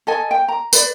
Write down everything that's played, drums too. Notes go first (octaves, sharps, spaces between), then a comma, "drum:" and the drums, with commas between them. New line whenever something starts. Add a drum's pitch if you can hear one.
A4 D#5 G#5
G5
A#5
B4 D5, drum: tambourine